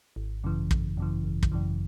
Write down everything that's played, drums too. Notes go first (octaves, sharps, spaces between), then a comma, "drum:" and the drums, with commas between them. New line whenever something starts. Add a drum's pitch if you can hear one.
G#1
F#2 C#3 E3
G#1, drum: kick
F#2 C#3 E3
G#1
drum: kick
F#2 C#3 E3